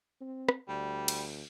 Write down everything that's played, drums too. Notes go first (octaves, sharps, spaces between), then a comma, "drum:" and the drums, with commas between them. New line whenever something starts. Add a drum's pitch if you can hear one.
C4
drum: rim click
D2 G3
drum: cymbal